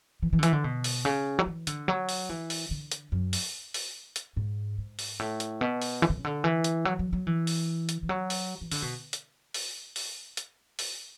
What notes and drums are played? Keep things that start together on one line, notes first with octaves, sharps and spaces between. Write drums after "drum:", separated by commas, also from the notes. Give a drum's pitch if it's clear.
E3
E3
D3
E3, drum: hi-hat
D3
B2
drum: open hi-hat
C#3
F#3
E3
D3, drum: hi-hat
F#3
drum: open hi-hat
E3
drum: open hi-hat
D3
drum: hi-hat
F#2
drum: open hi-hat
drum: open hi-hat
drum: hi-hat
G#2
G#2
drum: open hi-hat
A2
drum: hi-hat
B2
drum: open hi-hat
E3
D3
C#3
D3
E3
drum: hi-hat
F#3
F#3
F#3
E3
drum: open hi-hat
drum: hi-hat
E3
F#3
drum: open hi-hat
E3
D3, drum: open hi-hat
B2
drum: hi-hat
drum: open hi-hat
drum: open hi-hat
drum: hi-hat
drum: open hi-hat